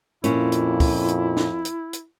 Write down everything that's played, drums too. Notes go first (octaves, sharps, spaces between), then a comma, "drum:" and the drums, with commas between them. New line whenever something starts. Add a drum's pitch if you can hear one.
F2 A#2 C#4 E4, drum: hi-hat
drum: hi-hat
drum: kick, open hi-hat
drum: hi-hat
drum: snare
drum: hi-hat
drum: hi-hat